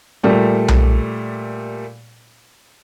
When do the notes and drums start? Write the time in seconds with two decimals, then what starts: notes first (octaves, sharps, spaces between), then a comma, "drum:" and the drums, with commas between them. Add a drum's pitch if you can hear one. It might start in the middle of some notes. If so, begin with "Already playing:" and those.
0.23 A#2 G3 A3
0.68 drum: tom B1